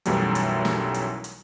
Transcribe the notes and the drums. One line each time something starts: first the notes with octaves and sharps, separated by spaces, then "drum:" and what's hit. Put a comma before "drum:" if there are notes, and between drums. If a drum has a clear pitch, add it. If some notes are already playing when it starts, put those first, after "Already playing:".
B1 F#2 E3 F#3 G3 A3, drum: hi-hat
drum: hi-hat
drum: snare
drum: hi-hat
drum: hi-hat